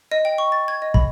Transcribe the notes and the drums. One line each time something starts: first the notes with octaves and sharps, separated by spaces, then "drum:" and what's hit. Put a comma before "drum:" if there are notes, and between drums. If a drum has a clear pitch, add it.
D#5
G5
C#6
A6
G#6
D#5
B5, drum: kick